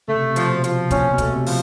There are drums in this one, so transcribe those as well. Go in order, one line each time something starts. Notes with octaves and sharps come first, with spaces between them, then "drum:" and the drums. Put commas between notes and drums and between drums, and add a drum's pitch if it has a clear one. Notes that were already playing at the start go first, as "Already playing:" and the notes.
C#3 A3
C3
B2
C3
F3, drum: hi-hat
B2
F3, drum: hi-hat
A#2 C#4, drum: kick, hi-hat
B2
A3, drum: kick, hi-hat
C3
F3, drum: open hi-hat